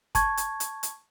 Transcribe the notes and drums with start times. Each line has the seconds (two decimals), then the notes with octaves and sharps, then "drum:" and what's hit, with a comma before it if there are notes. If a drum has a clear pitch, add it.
0.15 A5 C#6 G#6, drum: kick, hi-hat
0.37 drum: hi-hat
0.60 drum: hi-hat
0.83 drum: hi-hat